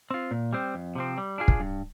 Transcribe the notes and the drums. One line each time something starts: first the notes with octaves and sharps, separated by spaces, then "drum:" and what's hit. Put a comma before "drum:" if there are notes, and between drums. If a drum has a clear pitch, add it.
C4 F4
A#2
G3 C4
F2
C3 F3 C4
G3
D4 F4 G#4
drum: kick
G2